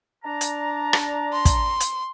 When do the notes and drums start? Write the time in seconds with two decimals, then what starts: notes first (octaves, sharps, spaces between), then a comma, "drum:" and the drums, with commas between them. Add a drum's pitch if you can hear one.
0.23 D4 A5 A#5
0.41 drum: hi-hat
0.93 drum: rim click
1.34 C6
1.45 drum: kick, hi-hat
1.80 drum: hi-hat